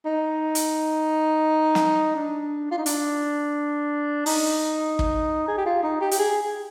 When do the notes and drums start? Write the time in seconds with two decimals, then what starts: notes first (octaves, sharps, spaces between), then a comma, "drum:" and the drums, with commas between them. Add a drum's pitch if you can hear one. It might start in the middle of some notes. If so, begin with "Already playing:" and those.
0.05 D#4
0.55 drum: hi-hat
1.75 drum: snare
2.15 D4
2.71 F4
2.78 D#4
2.86 D4, drum: hi-hat
4.26 D#4, drum: open hi-hat
4.99 drum: kick
5.48 G#4
5.58 G4
5.66 F4
5.83 D#4
6.01 G4
6.11 G4, drum: hi-hat
6.19 G#4